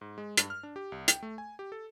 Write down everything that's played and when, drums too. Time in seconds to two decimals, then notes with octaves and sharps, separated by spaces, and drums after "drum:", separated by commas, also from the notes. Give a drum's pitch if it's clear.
0.01 G#2
0.18 G#3
0.37 G2, drum: hi-hat
0.50 F6
0.63 D4
0.76 G4
0.92 C2
1.08 G5, drum: hi-hat
1.23 A3
1.38 G#5
1.59 G4
1.72 A4